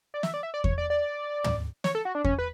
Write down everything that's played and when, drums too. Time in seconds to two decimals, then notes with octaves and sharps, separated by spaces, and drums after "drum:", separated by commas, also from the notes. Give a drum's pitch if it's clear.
0.14 D5
0.23 E5, drum: snare
0.34 D5
0.43 E5
0.54 D5
0.64 C#5, drum: kick E2
0.78 D5
0.90 D5
1.44 drum: tom
1.84 C#5, drum: snare
1.95 A4
2.05 F#4
2.15 D4
2.24 C#4, drum: kick E2
2.39 B4